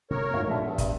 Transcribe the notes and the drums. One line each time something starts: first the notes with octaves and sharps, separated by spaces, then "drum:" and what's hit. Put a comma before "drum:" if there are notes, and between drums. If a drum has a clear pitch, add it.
C3 A#3 A#4 C#5
F#2 A2 G#3 D#4 F#4 F5
A#1 D3 G3 E5 A5
G2 B3
drum: kick, hi-hat